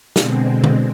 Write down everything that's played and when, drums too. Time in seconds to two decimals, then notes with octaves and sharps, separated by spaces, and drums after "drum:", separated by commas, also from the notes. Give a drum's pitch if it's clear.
0.16 B2 D3 G#3 C4, drum: snare
0.64 drum: tom D3